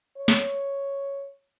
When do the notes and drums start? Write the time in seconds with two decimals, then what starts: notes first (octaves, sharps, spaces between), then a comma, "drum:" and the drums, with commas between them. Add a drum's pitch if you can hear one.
0.17 C#5
0.28 drum: snare